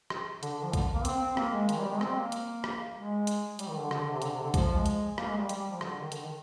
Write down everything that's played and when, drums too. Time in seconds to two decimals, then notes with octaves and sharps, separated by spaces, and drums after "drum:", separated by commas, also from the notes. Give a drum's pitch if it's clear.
0.10 drum: rim click
0.43 D3, drum: hi-hat
0.53 D3
0.63 F3
0.73 D3, drum: kick B1, hi-hat
0.95 A#3
1.05 C4, drum: hi-hat
1.21 C4
1.37 A#3, drum: rim click
1.53 G#3
1.69 D#3, drum: hi-hat
1.79 G3
1.90 G#3
2.01 C4, drum: rim click
2.17 A#3
2.32 drum: hi-hat
2.64 drum: rim click
2.96 G#3
3.27 drum: hi-hat
3.59 G3, drum: hi-hat
3.69 D#3
3.80 D3
3.91 D3, drum: rim click
4.01 D3
4.12 C3
4.22 D3, drum: hi-hat
4.33 C3
4.43 D3
4.54 F3, drum: kick B1, hi-hat
4.64 F3
4.75 G#3
4.86 drum: hi-hat
5.18 A#3, drum: rim click
5.28 G#3
5.38 G3
5.49 G3, drum: hi-hat
5.59 G3
5.70 F3
5.81 D3, drum: rim click
5.92 D3
6.02 D#3
6.12 D3, drum: hi-hat
6.22 D#3